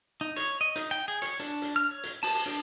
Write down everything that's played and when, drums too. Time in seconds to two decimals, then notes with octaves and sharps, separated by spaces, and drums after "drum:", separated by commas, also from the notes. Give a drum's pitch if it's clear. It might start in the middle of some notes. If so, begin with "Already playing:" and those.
0.21 D#4
0.36 C#5, drum: hi-hat
0.61 D#5
0.76 D#4, drum: hi-hat
0.91 G5
1.08 G#4
1.22 C#5, drum: hi-hat
1.40 D4, drum: hi-hat
1.62 drum: hi-hat
1.76 F6
1.91 C#5
2.04 drum: hi-hat
2.23 A5, drum: open hi-hat
2.46 D4, drum: hi-hat